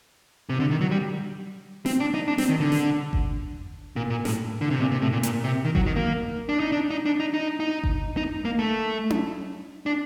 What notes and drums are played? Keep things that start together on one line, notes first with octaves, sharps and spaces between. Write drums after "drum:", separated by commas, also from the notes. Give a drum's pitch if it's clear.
C3
D3
D#3
F#3
G3
C4, drum: snare
D4
D#4
D4
C4, drum: snare
D#3
D3
drum: snare
drum: kick G1
A#2
A#2
A2, drum: snare
D3
C3
A#2
C3
A2
A#2
A#2, drum: hi-hat
C3
D#3
F#3, drum: kick G1
D#3
A#3
D4
D#4
D4
D#4
D4
D#4
D#4
D#4
drum: kick G1
D#4
A#3
A3
drum: tom C#4
D4